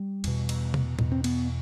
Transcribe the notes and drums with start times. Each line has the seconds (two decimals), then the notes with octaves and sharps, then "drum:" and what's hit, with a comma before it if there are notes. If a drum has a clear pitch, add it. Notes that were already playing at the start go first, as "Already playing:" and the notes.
Already playing: G3
0.24 E2 B2, drum: cymbal
0.49 drum: cymbal
0.74 drum: tom C3
0.99 E2 B2, drum: tom A2
1.12 C4
1.24 B3, drum: cymbal